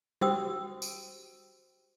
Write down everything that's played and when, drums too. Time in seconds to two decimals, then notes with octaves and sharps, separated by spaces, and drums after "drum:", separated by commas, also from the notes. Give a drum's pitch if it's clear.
0.21 F#4 G4 C5 G5 D#6 E6, drum: tom
0.82 drum: tambourine